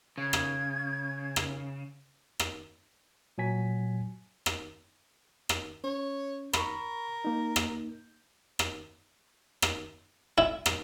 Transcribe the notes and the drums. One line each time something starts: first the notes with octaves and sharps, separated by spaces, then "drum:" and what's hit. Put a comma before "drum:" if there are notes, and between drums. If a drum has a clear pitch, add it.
C#3 G#6
drum: rim click
drum: rim click
drum: rim click
A#2 F#3 G#5 B6
drum: rim click
drum: rim click
C#4 C#5
A#4 B5 C#6, drum: rim click
A#3 D#4
drum: rim click
drum: rim click
drum: rim click
E4
drum: rim click